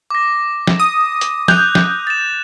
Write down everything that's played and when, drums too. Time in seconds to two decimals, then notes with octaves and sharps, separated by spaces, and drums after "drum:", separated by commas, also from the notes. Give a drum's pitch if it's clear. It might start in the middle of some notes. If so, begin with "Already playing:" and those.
0.10 D6 A#6
0.67 drum: snare
0.79 D#6
1.21 drum: hi-hat
1.48 F#6 G6 F7, drum: snare
1.75 drum: snare
2.07 A6 E7